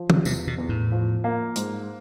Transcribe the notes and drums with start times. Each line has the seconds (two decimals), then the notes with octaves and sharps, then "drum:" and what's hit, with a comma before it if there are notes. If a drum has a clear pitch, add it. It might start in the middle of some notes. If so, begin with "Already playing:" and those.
Already playing: F3
0.10 C#3, drum: tom
0.25 E2 C3, drum: tambourine
0.47 B2
0.58 E2
0.69 A2
0.92 F3
1.24 A#3
1.56 G#2, drum: hi-hat